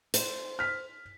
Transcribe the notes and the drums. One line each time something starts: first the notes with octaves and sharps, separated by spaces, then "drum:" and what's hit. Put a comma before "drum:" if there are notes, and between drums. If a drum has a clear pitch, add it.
C5, drum: hi-hat
F6 B6